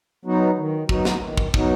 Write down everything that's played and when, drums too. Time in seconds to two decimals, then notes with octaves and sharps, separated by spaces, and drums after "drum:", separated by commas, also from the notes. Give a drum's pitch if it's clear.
0.25 F#3 B3 D#4 F#4
0.58 D#3
0.89 F#3 B3 D#4 F#4, drum: kick
1.05 drum: snare
1.22 D#3
1.37 drum: kick
1.54 F#3 B3 D#4 F#4, drum: kick